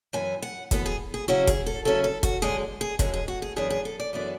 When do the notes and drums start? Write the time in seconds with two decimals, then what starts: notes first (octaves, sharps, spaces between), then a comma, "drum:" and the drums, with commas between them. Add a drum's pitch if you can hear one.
0.13 F#2 E3 B3 G#5
0.42 F#5
0.71 F#2 E3 B3 A4, drum: kick, hi-hat
0.86 G#4
1.14 G#4
1.28 C#3 F#3 C#4 E4 F#4
1.47 G#4, drum: kick, hi-hat
1.66 A4
1.85 C#3 F#3 C#4 E4 A4
2.04 A4
2.23 F#4, drum: kick, hi-hat
2.42 F#2 D3 G#3 G#4
2.81 G#4
2.99 F#2 D3 G#3 G#4, drum: kick, hi-hat
3.14 G#4
3.28 F#4
3.42 G#4
3.56 F#2 E3 B3 D4 G#4
3.70 G#4
3.85 A4
4.00 D5
4.13 F#2 E3 B3 D4 D5